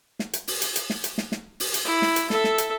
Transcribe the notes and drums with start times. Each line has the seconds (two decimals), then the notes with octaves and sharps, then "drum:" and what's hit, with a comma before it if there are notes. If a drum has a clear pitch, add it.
0.19 drum: snare
0.33 drum: hi-hat
0.48 drum: open hi-hat
0.62 drum: hi-hat
0.76 drum: hi-hat
0.90 drum: snare
1.04 drum: hi-hat
1.18 drum: snare
1.32 drum: snare
1.60 drum: open hi-hat
1.74 drum: hi-hat
1.84 E4
2.02 drum: snare
2.16 drum: hi-hat
2.30 A4 E5, drum: snare
2.44 drum: snare
2.58 drum: hi-hat